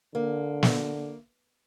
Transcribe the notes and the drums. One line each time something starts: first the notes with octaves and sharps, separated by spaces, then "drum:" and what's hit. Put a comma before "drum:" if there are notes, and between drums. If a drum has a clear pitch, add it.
D3 A#3
drum: snare